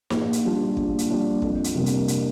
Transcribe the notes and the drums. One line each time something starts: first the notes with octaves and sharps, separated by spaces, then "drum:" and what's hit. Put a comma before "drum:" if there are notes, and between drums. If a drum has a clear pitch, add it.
A#1, drum: snare
drum: hi-hat
A#2 G3 D4 F4
A#1, drum: kick
drum: hi-hat
A#2 G3 D4 F4
F2, drum: kick
drum: hi-hat
C3 G3 A#3 D4
drum: hi-hat
drum: hi-hat